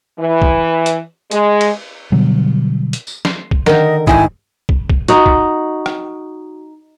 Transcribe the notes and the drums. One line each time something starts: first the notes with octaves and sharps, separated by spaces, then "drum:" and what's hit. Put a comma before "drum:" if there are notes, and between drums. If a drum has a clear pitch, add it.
E3
drum: kick
drum: hi-hat
G#3, drum: hi-hat
drum: cymbal
B2 D3 F#3 G3
drum: hi-hat
drum: tambourine
C6, drum: snare
drum: kick
D3 D#3 A#4 D#5, drum: snare
G#2 D#3 E4 G#4 G#5, drum: kick
drum: kick
drum: kick
D#4 F#4, drum: hi-hat
drum: kick
drum: rim click